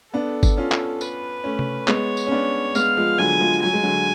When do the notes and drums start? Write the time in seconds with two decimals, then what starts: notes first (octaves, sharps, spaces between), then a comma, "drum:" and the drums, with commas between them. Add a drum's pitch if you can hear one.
0.14 B3 D4 A4
0.43 drum: kick G1, tambourine
0.57 C#4 F4
0.72 drum: clap
1.01 B4, drum: tambourine
1.44 A3 C#4
1.59 drum: tom C3
1.88 G#3 B3 C#5, drum: clap
2.17 drum: tambourine
2.27 C#4
2.31 B3 D4
2.75 G#3 B3 F5, drum: tambourine
2.97 F3 G#3
3.18 D3 F#3 G#5
3.40 F3 G#3
3.62 F#3 G#5
3.73 G#3
3.83 D3 F#3